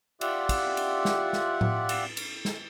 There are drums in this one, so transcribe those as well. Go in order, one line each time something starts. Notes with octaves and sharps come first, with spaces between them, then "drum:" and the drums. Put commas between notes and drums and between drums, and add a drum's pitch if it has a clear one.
F4 G4 D5 E5 F#5, drum: cymbal
drum: kick, cymbal
drum: cymbal
drum: snare
drum: snare
drum: tom A2
drum: cymbal
drum: cymbal
drum: snare